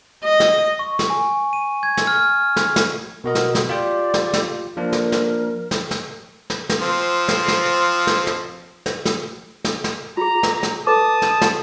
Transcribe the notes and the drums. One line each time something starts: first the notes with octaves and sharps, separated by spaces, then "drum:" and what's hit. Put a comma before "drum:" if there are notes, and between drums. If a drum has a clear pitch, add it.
D#5
drum: snare
C#6
drum: snare
G#5
D#7
G#6
drum: snare
F6
drum: snare
drum: snare
B2 F#4 A#4 D#5
drum: snare
drum: snare
F4 G4 D5 G5
drum: snare
drum: snare
F3 A#3 D4 A#4
drum: snare
drum: snare
drum: snare
drum: snare
drum: snare
drum: snare
F3 C4
drum: snare
drum: snare
drum: snare
drum: snare
drum: snare
drum: snare
drum: snare
drum: snare
F4 G#4 A#5
drum: snare
drum: snare
A4 B4 A5 D6 D#6
drum: snare
drum: snare